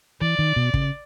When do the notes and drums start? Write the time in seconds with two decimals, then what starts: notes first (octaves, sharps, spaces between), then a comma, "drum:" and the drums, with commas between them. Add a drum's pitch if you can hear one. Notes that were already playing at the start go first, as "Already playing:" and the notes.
0.21 E3 D5
0.39 D#3
0.56 B2
0.74 C#3, drum: kick